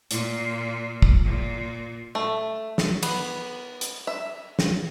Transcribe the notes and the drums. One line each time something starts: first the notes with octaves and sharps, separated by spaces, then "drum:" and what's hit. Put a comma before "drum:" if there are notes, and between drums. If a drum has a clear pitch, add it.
A#2, drum: hi-hat
drum: kick
A#2
A3
drum: snare
B3, drum: cymbal
drum: hi-hat
E5
drum: snare